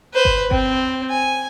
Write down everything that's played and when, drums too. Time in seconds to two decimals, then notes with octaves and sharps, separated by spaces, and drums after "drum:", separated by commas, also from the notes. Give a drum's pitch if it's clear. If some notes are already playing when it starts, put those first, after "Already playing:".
0.14 B4 C5
0.25 drum: kick G1
0.51 C4, drum: kick G1
1.09 G#5